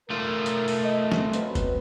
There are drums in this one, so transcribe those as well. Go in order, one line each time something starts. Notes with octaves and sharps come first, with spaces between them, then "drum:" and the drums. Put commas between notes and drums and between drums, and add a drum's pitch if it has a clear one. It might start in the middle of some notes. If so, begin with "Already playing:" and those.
A3 F4 A#4
drum: hi-hat
drum: open hi-hat
D#5
drum: snare
B2 F#3 C4 B4, drum: hi-hat
drum: kick, hi-hat